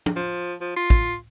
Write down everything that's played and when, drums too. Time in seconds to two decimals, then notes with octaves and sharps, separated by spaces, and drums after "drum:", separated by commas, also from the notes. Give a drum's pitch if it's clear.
0.06 drum: tom F3
0.16 F3
0.61 F3
0.76 F4
0.90 drum: kick